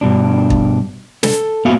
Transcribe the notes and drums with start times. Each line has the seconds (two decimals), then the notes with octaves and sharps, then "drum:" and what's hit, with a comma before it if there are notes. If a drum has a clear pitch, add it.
0.01 G2 B2 D4
0.50 drum: kick
1.23 A4, drum: snare
1.65 A#3 B3 F#4 E5 F5